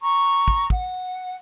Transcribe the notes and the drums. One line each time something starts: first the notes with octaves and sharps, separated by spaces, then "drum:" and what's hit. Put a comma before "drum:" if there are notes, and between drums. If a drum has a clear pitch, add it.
A#5 C#6
drum: kick
F#5, drum: kick